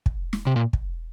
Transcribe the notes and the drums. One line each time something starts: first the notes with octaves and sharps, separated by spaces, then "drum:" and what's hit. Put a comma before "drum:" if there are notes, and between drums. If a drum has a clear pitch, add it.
drum: kick
drum: snare
C3
A#2
drum: kick